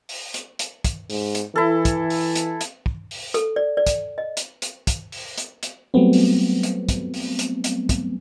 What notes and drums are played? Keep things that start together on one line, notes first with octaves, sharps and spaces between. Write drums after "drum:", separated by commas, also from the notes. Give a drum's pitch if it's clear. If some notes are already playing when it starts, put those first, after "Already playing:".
drum: open hi-hat
drum: hi-hat
drum: hi-hat
drum: kick, hi-hat
G#2, drum: open hi-hat
drum: hi-hat
E3 E4 A4
drum: kick, hi-hat
drum: open hi-hat
drum: hi-hat
drum: hi-hat
drum: kick
drum: open hi-hat
A4, drum: hi-hat
D5
D5
drum: kick, hi-hat
D#5
drum: hi-hat
drum: hi-hat
drum: kick, hi-hat
drum: open hi-hat
drum: hi-hat
drum: hi-hat
F#3 G3 A3 B3 C4
drum: open hi-hat
drum: hi-hat
drum: kick, hi-hat
drum: open hi-hat
drum: hi-hat
drum: hi-hat
drum: kick, hi-hat